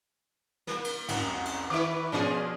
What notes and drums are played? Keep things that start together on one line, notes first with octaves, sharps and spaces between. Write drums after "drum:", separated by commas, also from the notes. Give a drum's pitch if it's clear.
A#3, drum: snare
drum: cymbal
F1 C2 F#2, drum: cymbal
drum: cymbal
D#3 E4 B4 C#6 D6
B2 F3 C#4 D4 F4 G#4